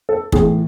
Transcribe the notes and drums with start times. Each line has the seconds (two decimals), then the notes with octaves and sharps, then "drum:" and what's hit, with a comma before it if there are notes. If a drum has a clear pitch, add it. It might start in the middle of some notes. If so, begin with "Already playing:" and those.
0.09 A4
0.32 A2 E3 G#4, drum: kick